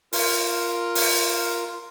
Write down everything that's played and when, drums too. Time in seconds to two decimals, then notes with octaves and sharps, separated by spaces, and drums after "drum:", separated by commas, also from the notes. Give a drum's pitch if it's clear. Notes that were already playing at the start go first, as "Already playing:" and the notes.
0.13 F4 A#4, drum: open hi-hat
0.95 drum: open hi-hat